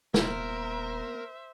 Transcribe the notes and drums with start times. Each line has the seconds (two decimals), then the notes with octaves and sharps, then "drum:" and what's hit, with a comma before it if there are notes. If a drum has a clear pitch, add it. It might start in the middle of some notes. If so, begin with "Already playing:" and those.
0.14 D#1 A#3 B3 A#4 C5 E5, drum: snare